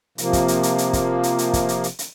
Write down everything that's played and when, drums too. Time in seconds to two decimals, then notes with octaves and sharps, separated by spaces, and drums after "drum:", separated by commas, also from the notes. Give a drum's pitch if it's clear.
0.18 C3 F3 A#3, drum: hi-hat
0.33 drum: kick, hi-hat
0.48 drum: hi-hat
0.63 drum: hi-hat
0.78 drum: hi-hat
0.93 drum: kick, hi-hat
1.23 drum: hi-hat
1.38 drum: hi-hat
1.53 drum: kick, hi-hat
1.69 drum: hi-hat
1.84 drum: hi-hat
1.99 drum: hi-hat